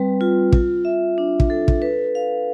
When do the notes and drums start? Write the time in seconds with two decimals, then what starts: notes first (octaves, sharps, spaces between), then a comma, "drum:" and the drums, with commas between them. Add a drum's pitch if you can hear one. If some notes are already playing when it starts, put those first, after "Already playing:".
Already playing: G3 C4 B4
0.21 F4
0.52 F4, drum: kick
0.85 E5
1.18 D4
1.40 drum: kick
1.50 A4
1.68 drum: kick
1.82 B4
2.15 F5